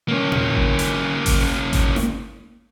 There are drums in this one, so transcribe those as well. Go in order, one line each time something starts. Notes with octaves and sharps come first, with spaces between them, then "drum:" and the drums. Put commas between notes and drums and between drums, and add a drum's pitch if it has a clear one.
A#3 C#4
drum: tom A#2
drum: kick G#1
drum: hi-hat
drum: kick G#1, open hi-hat
drum: kick G#1, hi-hat
drum: snare